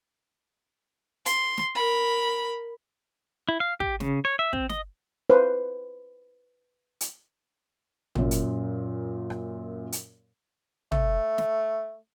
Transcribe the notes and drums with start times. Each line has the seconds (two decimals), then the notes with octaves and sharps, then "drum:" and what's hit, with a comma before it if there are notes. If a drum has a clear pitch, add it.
1.26 C6, drum: hi-hat
1.57 drum: snare
1.75 A#4 B5
3.49 E4
3.60 F5
3.80 G4, drum: kick
4.00 C#3, drum: snare
4.25 C#5
4.39 E5
4.53 C4, drum: kick
4.69 D#5, drum: snare
5.30 B4 C5
7.01 drum: hi-hat
8.15 F#2 A#2, drum: tom
8.31 drum: hi-hat
9.30 drum: rim click
9.92 drum: hi-hat
10.92 A3, drum: tom
11.38 drum: snare